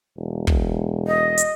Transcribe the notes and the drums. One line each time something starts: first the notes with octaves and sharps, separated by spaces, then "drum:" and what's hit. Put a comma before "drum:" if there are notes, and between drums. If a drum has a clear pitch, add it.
E1
drum: kick
D#5
drum: hi-hat